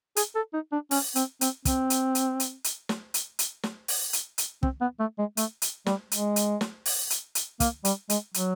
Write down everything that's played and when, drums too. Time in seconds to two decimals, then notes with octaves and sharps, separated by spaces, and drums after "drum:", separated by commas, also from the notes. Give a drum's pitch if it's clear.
0.16 G#4, drum: hi-hat
0.35 A4
0.53 D#4
0.72 D4
0.91 C#4, drum: open hi-hat
1.16 C4, drum: hi-hat
1.41 C4, drum: hi-hat
1.65 C4, drum: kick, hi-hat
1.90 drum: hi-hat
2.15 drum: hi-hat
2.40 drum: hi-hat
2.64 drum: hi-hat
2.89 drum: snare
3.14 drum: hi-hat
3.39 drum: hi-hat
3.63 drum: snare
3.88 drum: open hi-hat
4.13 drum: hi-hat
4.38 drum: hi-hat
4.63 C4, drum: kick
4.81 B3
5.00 A3
5.19 G#3
5.37 A3, drum: hi-hat
5.62 drum: hi-hat
5.86 G3, drum: snare
6.11 G#3, drum: hi-hat
6.36 drum: hi-hat
6.61 drum: snare
6.86 drum: open hi-hat
7.10 drum: hi-hat
7.35 drum: hi-hat
7.60 A#3, drum: kick, hi-hat
7.85 G3, drum: hi-hat
8.10 G#3, drum: hi-hat
8.34 F#3, drum: hi-hat